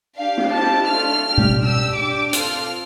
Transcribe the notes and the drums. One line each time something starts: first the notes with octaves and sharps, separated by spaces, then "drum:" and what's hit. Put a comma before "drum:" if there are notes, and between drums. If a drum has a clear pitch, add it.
D4 G4 F5
drum: cymbal
C4 E4 G4 A5
A3 D4 F4 A4 F6
D4 G4
drum: tom B2
D4 G4 E6
D4 G4 D6
C4 F4 A4 F6, drum: hi-hat